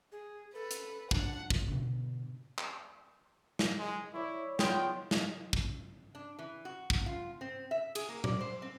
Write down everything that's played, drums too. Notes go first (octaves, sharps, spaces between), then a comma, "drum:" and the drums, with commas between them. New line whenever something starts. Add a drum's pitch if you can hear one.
G#4
A4 B4
drum: hi-hat
D4 F#5, drum: kick
drum: kick
B2 D3
drum: clap
drum: snare
G#3
E4 C#5 D5
G#3 B3 F4 G5, drum: snare
drum: snare
drum: kick
D4
E3
F#4
drum: kick
F4
C4
E5
G#4, drum: cymbal
A#3
D5, drum: tom A#2
C5
C4